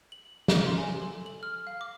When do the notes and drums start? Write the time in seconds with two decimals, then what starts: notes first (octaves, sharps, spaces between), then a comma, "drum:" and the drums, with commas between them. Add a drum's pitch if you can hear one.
0.12 F#7
0.48 drum: snare
0.66 C6
0.77 G#5
1.01 A4
1.26 F#7
1.43 F6
1.67 F5
1.81 D6